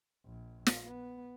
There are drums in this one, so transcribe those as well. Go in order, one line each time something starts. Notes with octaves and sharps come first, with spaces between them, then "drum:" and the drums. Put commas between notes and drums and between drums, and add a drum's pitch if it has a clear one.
A#1
drum: snare
B3